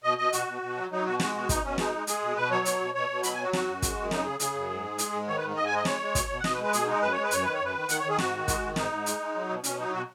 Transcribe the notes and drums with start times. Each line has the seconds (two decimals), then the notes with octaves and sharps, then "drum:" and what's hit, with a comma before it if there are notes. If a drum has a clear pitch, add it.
0.04 B2 D#5
0.18 B2 D#5
0.33 B2 F#4, drum: hi-hat
0.47 B2
0.62 B2
0.76 F#3
0.91 F#3 D#4
1.05 B2 F#4
1.20 G#3 F#4, drum: snare
1.34 B2 F#4
1.49 B2 D#4, drum: kick, hi-hat
1.63 B2 C#4
1.78 G#3 D#4, drum: snare
1.93 G#3
2.07 G#3 G#4, drum: hi-hat
2.22 B2
2.36 B2 B4
2.51 F#3 C#5
2.65 B2, drum: hi-hat
2.80 B2
2.94 B2 C#5
3.09 B2
3.23 F#3 B5, drum: hi-hat
3.34 G#5
3.38 F#3 F#4
3.53 F#2 F#4, drum: snare
3.67 F#2
3.82 G#3, drum: kick, hi-hat
3.97 F#2
4.11 C#3 D#4, drum: snare
4.25 C#3 G#4
4.40 C#3 G#4, drum: hi-hat
4.55 F#2
4.70 G#2
4.84 G#3
4.98 G#3, drum: hi-hat
5.12 G#2
5.28 D#3 C#5
5.37 B4
5.42 G#2
5.56 G#2 D#5
5.66 G#5
5.71 G#3 D#5
5.85 G#3 C#5, drum: snare
6.01 G#3
6.15 B2, drum: kick, hi-hat
6.29 B2
6.39 F#5
6.44 B2 D#5, drum: snare
6.54 B4
6.58 G#3
6.64 B4
6.73 B2 G#4, drum: hi-hat
6.87 G#3 D#4
7.02 F#2 B4
7.12 G#3 C#5
7.23 B4
7.31 F#2 C#5, drum: hi-hat
7.43 D#3 B4
7.54 C#5
7.60 F#2 B4
7.75 D#3
7.89 D#3 F#5, drum: hi-hat
7.99 C#5
8.04 D#3
8.09 G#4
8.18 G#2 F#4, drum: snare
8.33 D#3
8.48 G#3, drum: kick, hi-hat
8.62 D#3
8.76 G#2 D#4, drum: snare
8.91 G#2
9.06 G#3, drum: hi-hat
9.20 G#3
9.35 F#3
9.49 B2
9.64 B2 C#4, drum: hi-hat
9.78 F#3 D#4
9.93 B2 F#4